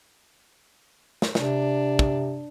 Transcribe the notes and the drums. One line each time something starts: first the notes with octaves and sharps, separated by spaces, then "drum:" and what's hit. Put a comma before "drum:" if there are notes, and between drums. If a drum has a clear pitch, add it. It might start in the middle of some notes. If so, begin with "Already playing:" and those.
drum: snare
C3 D4, drum: snare
drum: kick